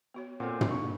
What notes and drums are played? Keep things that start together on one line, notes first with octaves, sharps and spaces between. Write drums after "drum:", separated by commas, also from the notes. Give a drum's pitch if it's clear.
B3 F#4 C#5
A#2 C4 A4 C5 F#5
drum: tom
A#3 D4 D#4 C#6